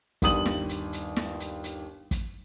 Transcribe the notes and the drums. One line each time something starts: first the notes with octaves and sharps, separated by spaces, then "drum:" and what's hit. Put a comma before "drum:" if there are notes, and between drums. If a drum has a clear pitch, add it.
G1 D#2 D#6 F#7, drum: kick, hi-hat
drum: snare
drum: hi-hat
drum: hi-hat
drum: snare
drum: hi-hat
drum: hi-hat
drum: kick, hi-hat